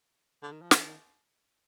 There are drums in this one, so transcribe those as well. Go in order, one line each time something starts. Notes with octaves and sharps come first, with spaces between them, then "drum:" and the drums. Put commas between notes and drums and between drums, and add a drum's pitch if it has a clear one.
D3
D#3
F3
E3, drum: snare
D#3